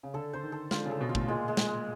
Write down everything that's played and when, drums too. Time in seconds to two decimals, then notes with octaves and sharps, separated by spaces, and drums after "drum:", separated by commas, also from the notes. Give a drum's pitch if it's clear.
0.03 C#3
0.14 D3 A4
0.33 D3 C5
0.43 D#3
0.52 A4
0.71 D3 F4, drum: snare
0.85 C#3
0.91 A4
1.01 B2
1.09 F4
1.15 A2, drum: kick
1.28 A#2 G#3
1.48 G#3
1.57 drum: snare
1.67 G#3